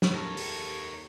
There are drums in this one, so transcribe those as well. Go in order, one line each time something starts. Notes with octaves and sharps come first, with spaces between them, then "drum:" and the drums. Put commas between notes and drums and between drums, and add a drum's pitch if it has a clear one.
drum: snare
D#2 A4 A#4 C#5
drum: open hi-hat